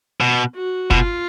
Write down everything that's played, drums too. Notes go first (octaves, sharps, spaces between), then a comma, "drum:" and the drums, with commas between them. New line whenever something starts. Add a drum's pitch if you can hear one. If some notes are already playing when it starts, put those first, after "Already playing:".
B2
F#4
B2 F4, drum: kick